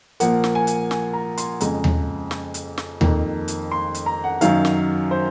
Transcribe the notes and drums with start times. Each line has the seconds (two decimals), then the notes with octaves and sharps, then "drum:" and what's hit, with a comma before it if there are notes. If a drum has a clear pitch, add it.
0.20 A#2 F3 A#3 F#5, drum: hi-hat
0.44 drum: snare
0.55 G#5
0.67 drum: hi-hat
0.91 G#5, drum: snare
1.13 A#5
1.37 C6, drum: hi-hat
1.61 F2 C#3 G#3 A#5, drum: hi-hat
1.84 drum: tom D#2
2.31 drum: snare
2.54 drum: hi-hat
2.78 drum: snare
3.01 F2 D#3 A#3, drum: tom D#2
3.48 drum: hi-hat
3.71 C6
3.94 drum: hi-hat
4.06 A#5
4.24 F#5
4.41 F#2 D#3 F#3 F5, drum: hi-hat
4.65 drum: snare
5.11 C5